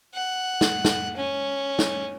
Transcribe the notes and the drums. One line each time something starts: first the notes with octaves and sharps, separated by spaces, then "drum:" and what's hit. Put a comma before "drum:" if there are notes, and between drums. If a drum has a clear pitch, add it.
F#5
drum: snare
drum: snare
C#4
drum: snare